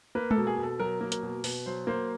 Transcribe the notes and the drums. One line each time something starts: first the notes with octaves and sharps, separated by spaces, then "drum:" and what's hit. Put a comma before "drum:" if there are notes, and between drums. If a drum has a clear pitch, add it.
A#3 B4
A4, drum: tom G#3
B2
G#4
B2
A4
F#3 A#4
A#3
A#4, drum: hi-hat
B2
B2 B4, drum: open hi-hat
F#3 C5
A#3 C5